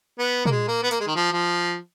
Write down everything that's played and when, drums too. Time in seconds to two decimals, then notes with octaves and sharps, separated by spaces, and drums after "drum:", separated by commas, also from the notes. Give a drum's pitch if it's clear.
0.19 B3
0.46 A#3, drum: tom A#2
0.51 G#3
0.68 A#3
0.83 B3
0.91 A#3, drum: hi-hat
1.00 G#3
1.07 D#3
1.16 F3
1.33 F3